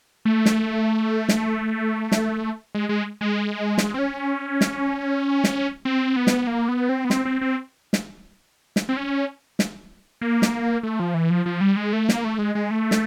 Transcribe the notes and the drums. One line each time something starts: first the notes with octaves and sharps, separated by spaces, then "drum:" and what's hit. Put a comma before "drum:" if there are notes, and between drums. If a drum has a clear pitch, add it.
A3
drum: snare
drum: snare
drum: snare
G#3
G#3
G#3
drum: snare
C4
C#4
drum: snare
drum: snare
C4
B3
drum: snare
A#3
B3
C4
B3
C4, drum: snare
C4
C4
drum: snare
drum: snare
C4
C#4
drum: snare
A#3
drum: snare
A3
F3
E3
F3
F3
G3
G#3
A3
A#3, drum: snare
A3
G#3
G#3
A3
drum: snare